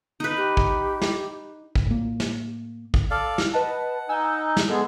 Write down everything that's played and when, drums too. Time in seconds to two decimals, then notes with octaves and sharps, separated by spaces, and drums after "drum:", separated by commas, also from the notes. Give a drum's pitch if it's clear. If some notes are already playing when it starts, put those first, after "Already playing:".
0.20 D#4 B4
0.37 G4
0.57 drum: kick A1
1.02 drum: snare
1.75 drum: kick A1
1.87 A2 A#3
2.20 drum: snare
2.94 drum: kick A1
3.11 A4 D5 F5
3.38 drum: snare
3.53 B4 D#5 F#5 A5
4.09 D#4 G#5 E6
4.57 drum: snare
4.69 G#3 B3 G#4 A4